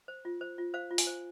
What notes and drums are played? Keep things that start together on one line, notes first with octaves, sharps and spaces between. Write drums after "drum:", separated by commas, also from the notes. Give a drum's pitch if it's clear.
C5
F4
C5
F4
C5 F5
F4
G#5, drum: open hi-hat
C5